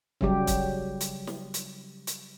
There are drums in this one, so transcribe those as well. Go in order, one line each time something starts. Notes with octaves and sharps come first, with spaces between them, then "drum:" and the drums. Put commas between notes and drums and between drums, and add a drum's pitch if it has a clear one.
C#3 F#3 G3 G4, drum: kick
drum: kick, hi-hat
drum: hi-hat
drum: snare
drum: hi-hat
drum: hi-hat